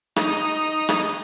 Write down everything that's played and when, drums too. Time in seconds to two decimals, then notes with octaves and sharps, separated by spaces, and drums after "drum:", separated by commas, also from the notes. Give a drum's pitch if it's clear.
0.16 D#4, drum: rim click
0.89 drum: rim click